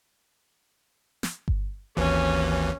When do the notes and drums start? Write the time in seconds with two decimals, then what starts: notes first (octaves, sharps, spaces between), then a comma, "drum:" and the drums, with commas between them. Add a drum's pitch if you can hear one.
1.23 drum: snare
1.48 drum: kick G1
1.97 G#1 D#2 E3 C#4